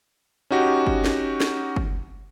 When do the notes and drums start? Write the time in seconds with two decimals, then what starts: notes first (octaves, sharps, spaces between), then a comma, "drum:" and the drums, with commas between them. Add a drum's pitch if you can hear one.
0.51 C#4 D#4 F#4 G4
0.86 drum: kick
1.04 drum: snare
1.40 drum: snare
1.76 drum: kick